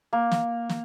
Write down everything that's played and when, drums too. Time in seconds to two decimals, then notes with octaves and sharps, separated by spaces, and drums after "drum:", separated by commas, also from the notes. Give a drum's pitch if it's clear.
0.13 A#3
0.32 drum: snare
0.69 drum: snare